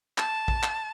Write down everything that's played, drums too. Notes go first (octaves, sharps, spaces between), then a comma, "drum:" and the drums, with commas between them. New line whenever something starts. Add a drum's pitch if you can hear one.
A5, drum: clap
drum: kick A#1
drum: clap